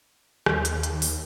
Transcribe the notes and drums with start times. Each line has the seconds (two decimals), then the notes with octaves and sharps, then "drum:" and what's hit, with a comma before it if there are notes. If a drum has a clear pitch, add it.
0.46 D#2, drum: rim click
0.65 drum: hi-hat
0.83 drum: hi-hat
1.02 drum: open hi-hat